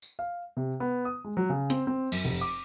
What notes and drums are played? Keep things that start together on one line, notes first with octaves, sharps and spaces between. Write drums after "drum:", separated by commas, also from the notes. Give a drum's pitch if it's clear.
drum: tambourine
F5
C3
B3
D#6
G#3
F#3
C#3
C4, drum: hi-hat
C4
F#2, drum: cymbal
F1
D6